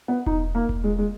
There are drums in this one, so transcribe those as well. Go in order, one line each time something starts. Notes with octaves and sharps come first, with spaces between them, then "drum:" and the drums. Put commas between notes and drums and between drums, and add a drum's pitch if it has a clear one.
B3
D#4, drum: kick E1
A#3
drum: kick E1
G#3
G#3